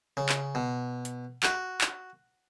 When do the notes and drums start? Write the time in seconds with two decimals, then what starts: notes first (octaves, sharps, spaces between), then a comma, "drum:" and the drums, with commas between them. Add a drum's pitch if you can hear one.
0.17 C#3
0.29 drum: clap
0.55 B2
1.05 drum: hi-hat
1.43 F#4, drum: clap
1.81 drum: clap